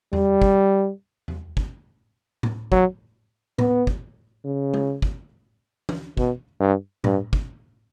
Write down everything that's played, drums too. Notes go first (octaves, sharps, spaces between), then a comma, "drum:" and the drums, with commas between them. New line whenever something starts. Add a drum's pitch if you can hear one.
G3, drum: tom E2
drum: kick
drum: tom E2
drum: kick
drum: tom A2
F#3, drum: kick
B3, drum: tom A2
drum: kick
C#3
drum: tom G#3
drum: kick
drum: tom E3
B2, drum: kick
G2
G2, drum: tom A2
drum: kick